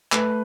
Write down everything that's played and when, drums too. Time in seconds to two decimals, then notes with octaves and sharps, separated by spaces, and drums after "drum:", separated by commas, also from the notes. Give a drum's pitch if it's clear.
0.12 A3 B4, drum: clap